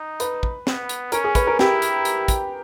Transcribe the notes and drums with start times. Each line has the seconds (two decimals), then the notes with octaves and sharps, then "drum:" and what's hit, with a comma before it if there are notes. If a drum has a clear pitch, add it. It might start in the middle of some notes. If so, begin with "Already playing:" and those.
Already playing: D#4
0.20 B4, drum: hi-hat
0.43 drum: kick
0.67 B3, drum: snare
0.89 drum: hi-hat
1.12 C#4 A#4, drum: hi-hat
1.24 G#4
1.35 B4, drum: kick, hi-hat
1.47 A#4
1.59 E4 G4, drum: snare
1.82 drum: hi-hat
2.05 drum: hi-hat
2.28 drum: kick, hi-hat